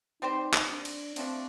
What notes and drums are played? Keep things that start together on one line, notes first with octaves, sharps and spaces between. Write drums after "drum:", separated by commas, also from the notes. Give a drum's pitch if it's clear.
G3 C4 D#4 G4 C5
drum: clap
D4
drum: cymbal
C3 F3 A3 C4 D4, drum: cymbal